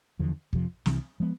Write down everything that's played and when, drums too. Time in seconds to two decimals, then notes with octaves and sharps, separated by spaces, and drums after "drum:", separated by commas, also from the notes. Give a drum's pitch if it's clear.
0.19 E2 D3 F3
0.53 F2 C3 F3, drum: kick
0.86 C2 C3 E3, drum: snare
1.20 F3 G#3 B3